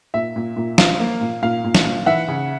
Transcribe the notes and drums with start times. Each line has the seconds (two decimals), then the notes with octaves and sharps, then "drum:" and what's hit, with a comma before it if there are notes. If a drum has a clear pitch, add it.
0.14 A#2 E5
0.36 A#2
0.56 A#2
0.78 F3 F5, drum: snare
1.00 A#3
1.21 A#2
1.42 A#2 F5
1.64 A#2
1.75 drum: snare
1.85 A#2
2.06 E3 E5 F#5
2.28 C#3